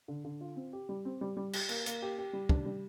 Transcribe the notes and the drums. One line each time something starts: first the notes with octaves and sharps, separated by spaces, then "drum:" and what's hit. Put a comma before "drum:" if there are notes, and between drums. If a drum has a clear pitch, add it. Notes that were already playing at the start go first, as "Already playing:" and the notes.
D3
D3
F4
C4
G4
G3
C4
G3
G3
G4, drum: cymbal
A#3, drum: cymbal
A#3, drum: hi-hat
G4
G4
G3
D4, drum: kick
G3